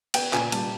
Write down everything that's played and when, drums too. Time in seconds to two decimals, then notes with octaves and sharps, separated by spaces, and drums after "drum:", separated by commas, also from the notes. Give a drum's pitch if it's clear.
0.14 B3 G5, drum: cymbal
0.33 A#2 G#5, drum: clap
0.52 G3 A5, drum: cymbal